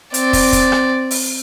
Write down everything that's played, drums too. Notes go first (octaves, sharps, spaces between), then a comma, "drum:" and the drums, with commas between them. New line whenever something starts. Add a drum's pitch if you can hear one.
C4 D5, drum: hi-hat
drum: kick, open hi-hat
drum: kick, hi-hat
drum: rim click
drum: open hi-hat